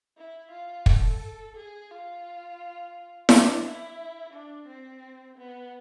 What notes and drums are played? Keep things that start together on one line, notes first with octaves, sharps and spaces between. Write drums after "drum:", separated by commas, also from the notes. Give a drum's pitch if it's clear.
E4
F4
A4, drum: kick
G#4
F4
D4, drum: snare E4
E4
D4
C4
B3